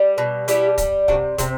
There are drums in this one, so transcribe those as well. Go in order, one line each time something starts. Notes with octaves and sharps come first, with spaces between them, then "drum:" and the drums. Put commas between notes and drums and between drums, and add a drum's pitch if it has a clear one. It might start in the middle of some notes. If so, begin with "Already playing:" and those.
Already playing: G3
B2
G3 E4 G4, drum: hi-hat
G3, drum: kick, hi-hat
C3 D4 F#4, drum: kick
C3 C4, drum: kick, hi-hat